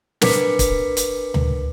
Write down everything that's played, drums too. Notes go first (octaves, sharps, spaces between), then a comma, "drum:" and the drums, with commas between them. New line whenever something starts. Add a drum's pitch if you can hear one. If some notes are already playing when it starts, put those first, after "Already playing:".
D4 A#4 B4 D6 B6 C#7, drum: snare
drum: kick, hi-hat
drum: hi-hat
drum: tom D2